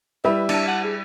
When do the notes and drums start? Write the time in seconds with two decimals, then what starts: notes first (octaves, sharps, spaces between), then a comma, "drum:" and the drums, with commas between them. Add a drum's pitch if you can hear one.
0.25 G3 E4 B4 E5
0.49 D4 A5, drum: cymbal
0.67 F#5
0.84 G#4